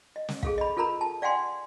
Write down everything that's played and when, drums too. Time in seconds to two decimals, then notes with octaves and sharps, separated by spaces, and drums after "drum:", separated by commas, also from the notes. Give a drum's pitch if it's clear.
0.16 D#5
0.29 drum: snare
0.43 G#4 A4 F5, drum: kick
0.58 D#5 B5
0.77 F4 A4 A#4 A#5 B5
1.01 A5
1.22 D5 F5 F#5 G#5 C6